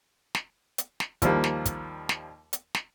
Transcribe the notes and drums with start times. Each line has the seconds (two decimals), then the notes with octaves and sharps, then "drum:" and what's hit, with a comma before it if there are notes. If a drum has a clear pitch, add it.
0.35 drum: snare
0.78 drum: hi-hat
1.00 drum: snare
1.22 D#2 F3 G3 A#3, drum: kick, hi-hat
1.44 drum: snare
1.65 drum: kick, hi-hat
2.09 drum: snare
2.53 drum: hi-hat
2.75 drum: snare